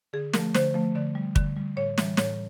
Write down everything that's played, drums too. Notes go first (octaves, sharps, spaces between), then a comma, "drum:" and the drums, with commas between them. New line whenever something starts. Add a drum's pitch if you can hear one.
D3 G#4
F3 A3 A#4, drum: snare
D3 C5, drum: snare
F3 A3
D3 D5
G3
D3, drum: kick
G3
A2 C#5
E3 G3, drum: snare
A2 C#5, drum: snare